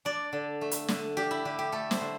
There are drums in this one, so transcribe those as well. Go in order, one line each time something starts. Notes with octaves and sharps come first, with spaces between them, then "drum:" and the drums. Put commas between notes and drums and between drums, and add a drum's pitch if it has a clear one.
D4 D5
D3
A3
drum: hi-hat
D3, drum: snare
D4 G4
E4
D3 G4
G4
A3 A4
C5, drum: snare
D3